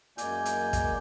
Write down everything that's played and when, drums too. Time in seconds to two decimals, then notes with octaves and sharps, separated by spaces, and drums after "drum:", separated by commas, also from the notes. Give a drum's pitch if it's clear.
0.18 F#2 G#3 A#3 D5 G#5 G6, drum: hi-hat
0.45 drum: hi-hat
0.73 drum: kick, hi-hat